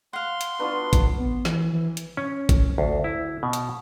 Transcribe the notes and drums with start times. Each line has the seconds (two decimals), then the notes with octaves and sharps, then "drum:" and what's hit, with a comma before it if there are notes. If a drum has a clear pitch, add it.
0.13 F5 F#5 C6
0.41 drum: hi-hat
0.59 B3 D4 F4 F#4 B4
0.93 drum: kick G#1, hi-hat
1.19 B3
1.45 E3, drum: snare
1.73 E3
1.97 drum: hi-hat
2.17 C#4
2.49 drum: kick G#1, hi-hat
2.78 D2
3.04 E4
3.43 B2
3.53 drum: hi-hat